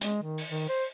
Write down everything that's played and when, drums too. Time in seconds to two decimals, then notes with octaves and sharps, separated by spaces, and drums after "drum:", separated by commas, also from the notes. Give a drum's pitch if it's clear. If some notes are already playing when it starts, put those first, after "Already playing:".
0.01 G#3, drum: hi-hat
0.23 D#3
0.38 drum: open hi-hat
0.49 D#3
0.69 C5